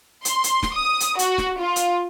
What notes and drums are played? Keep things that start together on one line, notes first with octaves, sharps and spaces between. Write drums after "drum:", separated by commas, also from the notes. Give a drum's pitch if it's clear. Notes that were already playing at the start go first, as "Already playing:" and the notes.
C6, drum: hi-hat
drum: hi-hat
drum: snare
D#6
drum: hi-hat
F#4, drum: hi-hat
drum: snare
F4
drum: hi-hat